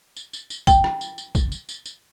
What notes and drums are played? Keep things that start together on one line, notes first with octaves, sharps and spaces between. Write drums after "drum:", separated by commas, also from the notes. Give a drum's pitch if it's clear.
drum: tambourine
drum: tambourine
drum: tambourine
G5, drum: kick, tambourine
drum: rim click
drum: tambourine
drum: tambourine
drum: kick, tambourine
drum: tambourine
drum: tambourine
drum: tambourine